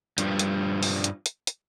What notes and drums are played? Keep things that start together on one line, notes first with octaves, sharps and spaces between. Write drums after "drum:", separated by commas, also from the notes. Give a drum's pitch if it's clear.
G2 F3 G3, drum: hi-hat
drum: hi-hat
drum: open hi-hat
drum: hi-hat
drum: hi-hat
drum: hi-hat